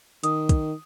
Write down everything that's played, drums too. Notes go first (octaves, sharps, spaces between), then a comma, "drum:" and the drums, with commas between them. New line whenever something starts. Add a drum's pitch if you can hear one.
D#3 D#6, drum: hi-hat
drum: kick, hi-hat